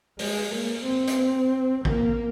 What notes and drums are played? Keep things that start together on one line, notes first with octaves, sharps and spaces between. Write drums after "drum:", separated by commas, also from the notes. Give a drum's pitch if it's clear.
G#3, drum: open hi-hat
A#3
C4
drum: hi-hat
A#3, drum: kick A1